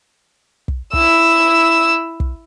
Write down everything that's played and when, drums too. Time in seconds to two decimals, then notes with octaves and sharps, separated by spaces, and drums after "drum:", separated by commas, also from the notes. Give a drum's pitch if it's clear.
0.68 drum: kick
0.93 E4 E6, drum: kick
2.20 drum: kick